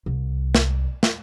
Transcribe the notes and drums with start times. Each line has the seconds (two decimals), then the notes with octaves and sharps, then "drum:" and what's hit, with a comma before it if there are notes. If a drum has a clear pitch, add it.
0.06 C2
0.55 drum: snare
1.03 drum: snare